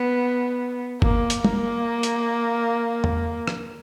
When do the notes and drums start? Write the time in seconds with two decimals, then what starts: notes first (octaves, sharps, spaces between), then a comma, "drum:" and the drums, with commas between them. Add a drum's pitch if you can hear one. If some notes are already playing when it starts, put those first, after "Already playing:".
Already playing: B3
1.02 A#3, drum: kick
1.30 drum: hi-hat
1.45 A#3, drum: tom
2.03 drum: hi-hat
3.04 drum: tom E2
3.47 drum: rim click